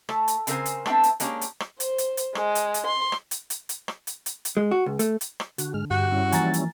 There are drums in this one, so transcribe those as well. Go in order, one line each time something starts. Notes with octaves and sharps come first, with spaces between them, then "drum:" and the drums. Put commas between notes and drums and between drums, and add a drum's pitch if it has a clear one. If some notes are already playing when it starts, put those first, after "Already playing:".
A3, drum: rim click
drum: hi-hat
C#3 C4 A#4 C5 G#5, drum: hi-hat
drum: hi-hat
A3 B3 C4 D4 E5, drum: rim click
drum: hi-hat
G#3 A#3 C#4 D4 G4, drum: hi-hat
drum: hi-hat
drum: rim click
C5, drum: hi-hat
drum: hi-hat
drum: hi-hat
G#3, drum: rim click
drum: hi-hat
drum: hi-hat
C6
drum: rim click
drum: hi-hat
drum: hi-hat
drum: hi-hat
drum: rim click
drum: hi-hat
drum: hi-hat
drum: hi-hat
G#3
F#4
C#2
A3, drum: hi-hat
drum: hi-hat
drum: rim click
D3 F#4, drum: hi-hat
G#2 G#3 F6
G2 F#4 G4 F#6
G3 C#4 E4
E3 F3 A#3 G#5 A#5 A6, drum: hi-hat
drum: hi-hat